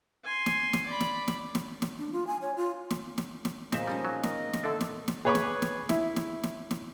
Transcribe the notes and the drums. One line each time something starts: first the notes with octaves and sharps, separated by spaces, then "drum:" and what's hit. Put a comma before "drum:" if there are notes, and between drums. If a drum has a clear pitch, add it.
G#5 C6
drum: snare
drum: snare
D5 B5
drum: snare
drum: snare
drum: snare
drum: snare
D4
F4
G#5
C#5
F4
drum: snare
drum: snare
drum: snare
A#2 F3 C4 G#4 D#5 E5 C6, drum: snare
F3 G3 C#4 D#4
F#3
A#4 D#5, drum: snare
drum: snare
D3 A3 D4 A4
drum: snare
drum: snare
G#4 B4 C#5 B5 C#6 D6
drum: snare
drum: snare
E4, drum: snare
drum: snare
drum: snare
drum: snare